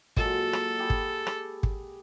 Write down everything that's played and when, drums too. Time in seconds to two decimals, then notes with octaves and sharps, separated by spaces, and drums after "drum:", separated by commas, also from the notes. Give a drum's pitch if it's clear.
0.17 A#2 F#3 G#3 A4, drum: kick
0.53 drum: rim click
0.79 G4 G#4 B5
0.90 drum: kick
1.27 drum: rim click
1.63 drum: kick